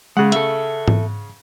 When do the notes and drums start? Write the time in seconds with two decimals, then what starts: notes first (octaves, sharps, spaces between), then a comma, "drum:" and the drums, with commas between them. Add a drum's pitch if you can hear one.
0.17 C#3 G#3 F#5
0.32 A4 E5, drum: hi-hat
0.88 drum: tom G#2